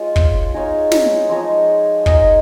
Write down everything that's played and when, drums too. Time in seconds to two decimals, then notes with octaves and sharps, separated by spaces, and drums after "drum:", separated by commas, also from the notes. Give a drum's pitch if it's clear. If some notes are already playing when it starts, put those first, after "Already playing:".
Already playing: G#3 D#4 F4 C#5 F5
0.16 drum: kick
0.54 D#4 G#4 C#5 F5
0.92 drum: snare
1.29 F3 G#3 D#4 C#5
2.06 D#4 G#4 D#5, drum: kick